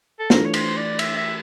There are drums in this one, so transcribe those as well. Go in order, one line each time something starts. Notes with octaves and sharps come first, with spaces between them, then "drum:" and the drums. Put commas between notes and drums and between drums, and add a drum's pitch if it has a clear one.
A4
E3 A3 D4 F4 A4 A#4, drum: snare
C#5
C5, drum: cymbal
D5
E5, drum: cymbal
E5